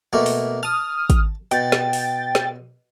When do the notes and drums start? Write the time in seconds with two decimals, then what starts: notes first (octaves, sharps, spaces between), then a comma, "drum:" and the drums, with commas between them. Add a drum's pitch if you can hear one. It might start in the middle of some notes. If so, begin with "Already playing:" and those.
0.13 B2 A3 A#3
0.26 drum: open hi-hat
0.63 A5 D#6 F6
1.10 drum: kick, hi-hat
1.51 B2 G5 A6, drum: hi-hat
1.72 drum: snare
1.93 drum: open hi-hat
2.35 drum: snare